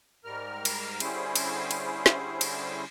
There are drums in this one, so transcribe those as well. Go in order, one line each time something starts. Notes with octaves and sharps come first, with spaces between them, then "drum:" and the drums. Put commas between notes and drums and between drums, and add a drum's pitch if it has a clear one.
G#2 G3 A#4 F6
drum: cymbal
D3 G3 C#4 E4 G#4 C5, drum: cymbal
drum: cymbal
drum: cymbal
drum: snare
drum: cymbal